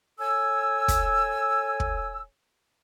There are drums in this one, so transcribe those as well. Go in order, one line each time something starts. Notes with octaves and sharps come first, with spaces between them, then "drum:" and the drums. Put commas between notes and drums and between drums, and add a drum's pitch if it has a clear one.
A4 C#5 G#5 E6
drum: kick, hi-hat
drum: kick